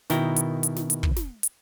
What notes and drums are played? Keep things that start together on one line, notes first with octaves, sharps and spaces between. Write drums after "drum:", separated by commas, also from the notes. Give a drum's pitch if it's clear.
B2 D#3 E4 G5 A#5, drum: snare
drum: hi-hat
drum: hi-hat
drum: snare
drum: hi-hat
drum: kick
drum: snare
drum: hi-hat